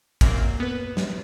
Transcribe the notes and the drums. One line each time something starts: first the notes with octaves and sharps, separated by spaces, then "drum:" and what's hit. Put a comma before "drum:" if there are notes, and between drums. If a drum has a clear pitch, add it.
F#2 A#2 A#3 C4, drum: kick, cymbal
B3 B4
drum: snare